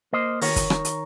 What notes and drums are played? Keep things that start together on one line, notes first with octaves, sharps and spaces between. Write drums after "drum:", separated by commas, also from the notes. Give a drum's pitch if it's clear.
A#3 C5 D#5
D#3 A#4 C#5, drum: open hi-hat
drum: kick, hi-hat
D#3, drum: rim click
drum: hi-hat